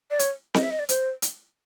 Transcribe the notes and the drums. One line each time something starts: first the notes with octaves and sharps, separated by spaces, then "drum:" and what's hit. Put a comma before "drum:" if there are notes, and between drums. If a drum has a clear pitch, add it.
D5
C#5, drum: hi-hat
D#5, drum: snare C4
E5
D#5
D5
C5, drum: hi-hat
drum: hi-hat